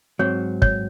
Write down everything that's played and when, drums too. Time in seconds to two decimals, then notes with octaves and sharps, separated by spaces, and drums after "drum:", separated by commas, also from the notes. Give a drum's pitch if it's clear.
0.19 G#2 F#3 C4 C#5
0.62 C#5, drum: kick